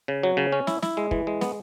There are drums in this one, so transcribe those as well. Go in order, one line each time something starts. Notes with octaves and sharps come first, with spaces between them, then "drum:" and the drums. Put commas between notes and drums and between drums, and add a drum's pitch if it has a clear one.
C#3
F#3
C#3
C#4
E4, drum: snare
E4, drum: snare
G#3
E3, drum: kick
G#3
B3, drum: snare